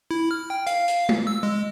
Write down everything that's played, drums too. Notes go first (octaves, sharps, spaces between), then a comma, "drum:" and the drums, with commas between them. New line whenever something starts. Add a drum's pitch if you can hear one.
E4
F6
G5
F5, drum: hi-hat
drum: hi-hat
drum: tom G#3
E6
G#3